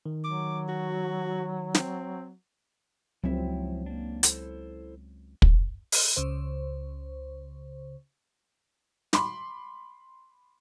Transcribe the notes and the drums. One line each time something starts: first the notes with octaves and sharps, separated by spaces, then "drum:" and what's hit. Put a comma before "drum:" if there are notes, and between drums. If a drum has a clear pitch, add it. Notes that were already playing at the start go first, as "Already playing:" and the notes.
D#3
F#3 D6
F#4
C4, drum: snare
C#2 F3 F#3 C4 E4 E5
A#3 D4
E4 A4 C5, drum: hi-hat
drum: kick
drum: open hi-hat
C#2 C#3 C5
B5 C6 D6, drum: snare